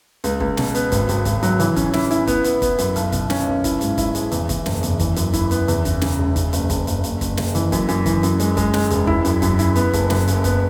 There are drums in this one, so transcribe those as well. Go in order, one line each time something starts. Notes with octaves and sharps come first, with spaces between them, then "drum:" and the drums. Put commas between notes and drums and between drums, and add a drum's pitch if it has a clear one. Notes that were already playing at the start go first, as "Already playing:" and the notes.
C#2, drum: hi-hat
C#2, drum: kick
B2, drum: snare
B3, drum: hi-hat
G#1, drum: kick, hi-hat
G#1, drum: hi-hat
G#1, drum: kick, hi-hat
F#3, drum: hi-hat
E3, drum: hi-hat
C#4, drum: kick, hi-hat
E4, drum: snare
E4, drum: hi-hat
B3, drum: kick, hi-hat
B3, drum: hi-hat
B3, drum: kick, hi-hat
F#2, drum: hi-hat
B1, drum: hi-hat
B2, drum: kick, hi-hat
C#4, drum: snare
B1
E4, drum: kick, hi-hat
G#2, drum: hi-hat
E4, drum: kick, hi-hat
G#3, drum: hi-hat
E2, drum: hi-hat
E2, drum: kick, hi-hat
F#1, drum: snare
E2, drum: hi-hat
E3, drum: kick, hi-hat
F#2, drum: hi-hat
E4, drum: kick, hi-hat
B3, drum: hi-hat
E2, drum: hi-hat
C#3, drum: kick, hi-hat
C#3, drum: snare
E1
C#3, drum: kick, hi-hat
F#1, drum: hi-hat
F#1, drum: kick, hi-hat
F#1, drum: hi-hat
F#1, drum: hi-hat
F#1, drum: kick, hi-hat
F#1, drum: snare
E3, drum: hi-hat
F#2, drum: kick, hi-hat
F#2, drum: hi-hat
E3, drum: kick, hi-hat
F#2, drum: hi-hat
G#3, drum: hi-hat
G#3, drum: kick, hi-hat
G#3, drum: snare
E1, drum: hi-hat
E4, drum: kick
F#2, drum: hi-hat
F#2, drum: kick, hi-hat
E4, drum: hi-hat
B3, drum: hi-hat
F#1, drum: kick, hi-hat
F#2, drum: snare
F#1, drum: hi-hat
B3, drum: kick, hi-hat